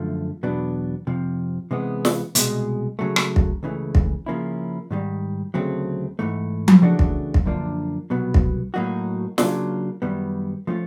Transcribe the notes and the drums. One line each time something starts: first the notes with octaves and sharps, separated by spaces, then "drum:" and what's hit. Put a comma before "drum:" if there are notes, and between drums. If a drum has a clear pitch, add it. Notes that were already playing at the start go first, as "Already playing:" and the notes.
Already playing: F#2 D3 F3 A3
E2 B2 F#3 B3 D4
F2 C3 F3
C3 E3 G#3 B3
drum: snare
C2 B2 G#3, drum: hi-hat
C#3 F#3 A3
drum: rim click
drum: kick
C#2 C#3 E3 A3
drum: kick
C#3 F3 A#3 C#4 E4
G#2 D#3 G3
D2 C#3 F#3 A3 C4
G#2 E3 A3
drum: tom F3
C#3 E3 A3 D4 F#4
drum: kick
drum: kick
F#2 D3 F3 A#3 D4
C2 B2 F#3 B3
drum: kick
A2 F#3 A#3 D#4 F#4
C#3 F#3 A#3 D4 F4, drum: snare
F#2 D#3 G3 B3
F3 A3 C#4 F4